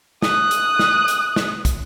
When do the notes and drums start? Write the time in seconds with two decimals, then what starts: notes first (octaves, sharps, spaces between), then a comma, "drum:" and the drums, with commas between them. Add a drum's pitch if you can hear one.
0.22 D#6 F#6, drum: snare
0.51 drum: hi-hat
0.79 drum: snare
1.08 drum: hi-hat
1.36 drum: snare
1.65 drum: kick, hi-hat